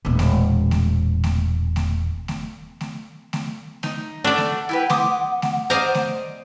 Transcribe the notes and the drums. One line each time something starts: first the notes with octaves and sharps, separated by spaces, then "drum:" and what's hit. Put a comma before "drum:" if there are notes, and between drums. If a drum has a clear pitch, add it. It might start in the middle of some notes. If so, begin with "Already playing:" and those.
E1 A#2
drum: snare A3
drum: snare A3
drum: snare A3
drum: snare A3
drum: snare A3
drum: snare A3
drum: snare A3
D#4, drum: snare A3
A3 D4 D5 F#5
drum: snare A3
E4 G4 B4
C6 D6 D#6, drum: snare A3
drum: snare A3
C5 D5 D#5 F5 A#5
drum: snare A3